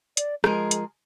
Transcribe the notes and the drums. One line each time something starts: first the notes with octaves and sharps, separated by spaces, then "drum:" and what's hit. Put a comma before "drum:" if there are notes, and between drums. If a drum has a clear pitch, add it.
D5, drum: hi-hat
F3 G#3 G#4 A#4, drum: rim click
drum: hi-hat